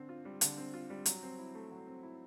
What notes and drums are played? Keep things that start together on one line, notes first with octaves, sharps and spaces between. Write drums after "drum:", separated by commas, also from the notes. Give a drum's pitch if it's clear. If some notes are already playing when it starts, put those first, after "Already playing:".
Already playing: D3 C4
F4
G3
D3, drum: hi-hat
C4
F4
G3
F#3, drum: hi-hat
C4
E4
A3
F#3
C4
E4